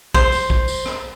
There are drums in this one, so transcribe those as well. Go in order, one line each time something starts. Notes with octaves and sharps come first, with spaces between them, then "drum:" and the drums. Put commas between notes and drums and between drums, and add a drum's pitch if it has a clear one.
C5, drum: kick
drum: tambourine
drum: kick
drum: tambourine
drum: rim click